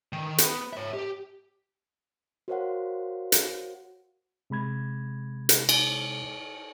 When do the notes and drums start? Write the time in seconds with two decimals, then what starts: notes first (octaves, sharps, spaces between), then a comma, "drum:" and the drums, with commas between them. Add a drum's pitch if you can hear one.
0.13 D#3
0.38 B3, drum: hi-hat
0.73 C#5 E5
0.94 G4
2.48 F#4 A#4 C5 C#5 F5 F#5
3.32 drum: hi-hat
4.50 C3 G#3 B5 G#6
5.49 drum: hi-hat
5.69 drum: cymbal